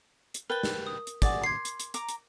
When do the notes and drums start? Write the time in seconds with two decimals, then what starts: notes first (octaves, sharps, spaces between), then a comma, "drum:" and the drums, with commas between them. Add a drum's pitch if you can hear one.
0.34 drum: hi-hat
0.50 A#4 B4 G5 A5 G7
0.63 drum: snare
0.87 D#6
1.07 drum: hi-hat
1.22 F#4 G#4 D5 D6, drum: kick, hi-hat
1.44 C6 G#6 C7
1.65 drum: hi-hat
1.80 drum: hi-hat
1.94 A#5 D6, drum: hi-hat
2.09 drum: hi-hat